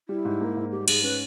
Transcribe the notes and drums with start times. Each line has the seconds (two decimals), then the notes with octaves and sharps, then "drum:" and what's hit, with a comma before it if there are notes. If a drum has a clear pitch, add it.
0.09 G3 E4
0.25 G#2
0.41 A#3
0.57 G#2
0.71 G3 G4
0.88 G#2 G#4, drum: cymbal
1.03 C#4 B4